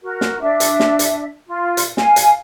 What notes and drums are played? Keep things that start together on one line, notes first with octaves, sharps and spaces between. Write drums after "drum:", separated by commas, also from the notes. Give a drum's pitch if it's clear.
F#4 A#4
drum: snare
D4 E5
drum: hi-hat
drum: snare
drum: hi-hat
F4
drum: hi-hat
F5 G#5, drum: snare
drum: hi-hat